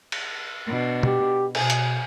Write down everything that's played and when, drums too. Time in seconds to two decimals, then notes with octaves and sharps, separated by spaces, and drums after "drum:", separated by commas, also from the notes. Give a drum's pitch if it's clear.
0.12 drum: cymbal
0.65 B2 D4
1.03 G4, drum: tom B2
1.55 B2 G#4, drum: cymbal
1.70 drum: hi-hat